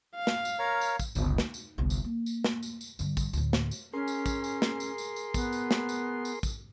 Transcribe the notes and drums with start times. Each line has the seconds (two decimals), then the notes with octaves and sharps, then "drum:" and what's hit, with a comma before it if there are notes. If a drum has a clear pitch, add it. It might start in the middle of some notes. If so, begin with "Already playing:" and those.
0.16 F5
0.27 drum: snare
0.45 drum: tambourine
0.59 A#4 C#5 A#5
0.81 drum: tambourine
0.99 drum: kick, tambourine
1.15 G1 C#2, drum: tambourine
1.38 D#4, drum: snare
1.54 drum: tambourine
1.78 G1 C2
1.90 drum: tambourine
2.04 A#3
2.26 drum: tambourine
2.44 drum: snare
2.63 drum: tambourine
2.81 drum: tambourine
2.99 G2 D3, drum: tambourine
3.17 drum: kick, tambourine
3.33 D2 A2, drum: tambourine
3.53 drum: snare
3.71 drum: tambourine
3.93 C#4 G#4 A#4 C6
4.08 drum: tambourine
4.26 drum: kick, tambourine
4.44 drum: tambourine
4.62 drum: snare
4.80 drum: tambourine
4.98 drum: tambourine
5.16 drum: tambourine
5.34 B3, drum: kick, tambourine
5.53 drum: tambourine
5.71 drum: snare
5.89 drum: tambourine
6.25 drum: tambourine
6.43 drum: kick, tambourine